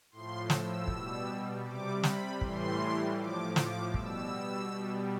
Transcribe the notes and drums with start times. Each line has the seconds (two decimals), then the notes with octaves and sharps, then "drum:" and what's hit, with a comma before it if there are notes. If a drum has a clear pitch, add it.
0.11 A2 F3 C6
0.50 E6, drum: snare
0.87 B2 G3, drum: kick
1.65 C3 G3 D6
2.03 B5, drum: snare
2.41 A2 E3 G3 C6, drum: kick
3.17 A2 F3 D6
3.56 D6, drum: snare
3.94 B2 G3 E6, drum: kick
4.70 B2 G3